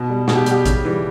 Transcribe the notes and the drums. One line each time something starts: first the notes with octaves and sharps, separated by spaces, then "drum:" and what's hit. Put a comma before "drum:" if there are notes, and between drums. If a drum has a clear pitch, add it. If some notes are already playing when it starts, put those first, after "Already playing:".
Already playing: B2
G3
B2 G#4, drum: snare
G4
G3 G4, drum: hi-hat
C#3, drum: kick, hi-hat
E3 G3